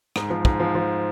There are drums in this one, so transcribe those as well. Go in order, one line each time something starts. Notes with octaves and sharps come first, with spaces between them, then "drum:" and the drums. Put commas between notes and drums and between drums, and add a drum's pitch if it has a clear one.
G#2, drum: rim click
F3
G#2, drum: kick
F3
F3